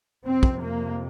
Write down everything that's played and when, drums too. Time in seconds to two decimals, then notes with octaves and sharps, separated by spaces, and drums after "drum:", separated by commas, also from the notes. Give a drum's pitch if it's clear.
0.24 F2 C3 C4
0.43 drum: kick
0.61 A#3